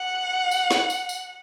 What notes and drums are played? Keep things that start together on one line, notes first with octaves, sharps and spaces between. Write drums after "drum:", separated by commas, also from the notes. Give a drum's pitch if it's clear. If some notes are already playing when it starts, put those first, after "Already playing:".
Already playing: F#5
drum: tambourine
drum: snare
drum: tambourine
drum: tambourine